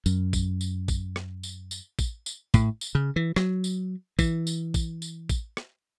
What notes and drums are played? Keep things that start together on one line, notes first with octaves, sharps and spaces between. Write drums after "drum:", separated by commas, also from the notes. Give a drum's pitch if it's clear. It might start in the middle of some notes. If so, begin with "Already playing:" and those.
F#2, drum: tambourine
drum: kick A1, tambourine
drum: tambourine
drum: kick A1, tambourine
drum: rim click
drum: tambourine
drum: tambourine
drum: kick A1, tambourine
drum: tambourine
A2, drum: kick A1, tambourine
drum: tambourine
C#3
E3
F#3, drum: rim click
drum: tambourine
E3, drum: kick A1, tambourine
drum: tambourine
drum: kick A1, tambourine
drum: tambourine
drum: kick A1, tambourine
drum: rim click